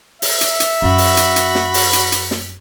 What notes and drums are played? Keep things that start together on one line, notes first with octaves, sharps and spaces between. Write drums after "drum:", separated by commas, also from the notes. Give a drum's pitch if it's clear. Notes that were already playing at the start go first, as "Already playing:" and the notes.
E5, drum: open hi-hat
drum: hi-hat
drum: hi-hat
F#2 C#4 F#4 B5
drum: open hi-hat
drum: hi-hat
drum: hi-hat
drum: snare
drum: open hi-hat
drum: hi-hat
drum: hi-hat
drum: snare